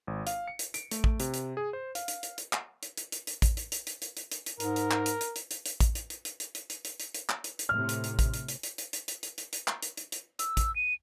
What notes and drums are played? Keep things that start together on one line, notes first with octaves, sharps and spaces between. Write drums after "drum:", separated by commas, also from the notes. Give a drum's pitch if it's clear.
G#1
F5, drum: hi-hat
C#7
drum: hi-hat
D7, drum: hi-hat
A3, drum: hi-hat
drum: kick A1
C3, drum: hi-hat
drum: hi-hat
G#4
C5
F5, drum: hi-hat
drum: hi-hat
drum: hi-hat
drum: hi-hat
drum: clap
drum: hi-hat
drum: hi-hat
drum: hi-hat
drum: hi-hat
drum: kick A1, hi-hat
drum: hi-hat
drum: hi-hat
drum: hi-hat
drum: hi-hat
drum: hi-hat
drum: hi-hat
drum: hi-hat
G#2 A#4, drum: hi-hat
drum: hi-hat
drum: clap
drum: hi-hat
drum: hi-hat
drum: hi-hat
drum: hi-hat
drum: hi-hat
drum: kick A1, hi-hat
drum: hi-hat
drum: hi-hat
drum: hi-hat
drum: hi-hat
drum: hi-hat
drum: hi-hat
drum: hi-hat
drum: hi-hat
drum: hi-hat
drum: clap
drum: hi-hat
drum: hi-hat
A2 C3 F6
drum: hi-hat
drum: hi-hat
drum: kick A1, hi-hat
drum: hi-hat
drum: hi-hat
drum: hi-hat
drum: hi-hat
drum: hi-hat
drum: hi-hat
drum: hi-hat
drum: hi-hat
drum: hi-hat
drum: clap
drum: hi-hat
drum: hi-hat
drum: hi-hat
E6, drum: hi-hat
drum: kick A1, hi-hat
D#7